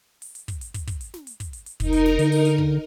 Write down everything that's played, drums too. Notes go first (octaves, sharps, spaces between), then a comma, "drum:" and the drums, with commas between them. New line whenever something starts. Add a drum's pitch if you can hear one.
drum: open hi-hat
drum: hi-hat
drum: kick, hi-hat
drum: hi-hat
drum: kick, hi-hat
drum: kick, hi-hat
drum: hi-hat
drum: snare
drum: hi-hat
drum: kick, hi-hat
drum: hi-hat
drum: hi-hat
F1 D#4 A#4, drum: kick, hi-hat
drum: hi-hat
drum: snare
D3, drum: hi-hat
drum: open hi-hat
drum: hi-hat
drum: kick